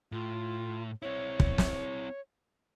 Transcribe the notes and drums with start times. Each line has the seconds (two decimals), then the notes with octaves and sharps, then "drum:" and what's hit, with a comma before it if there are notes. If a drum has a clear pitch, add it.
0.12 A2 F4
1.02 C4 E4 C#5
1.40 drum: kick
1.58 drum: snare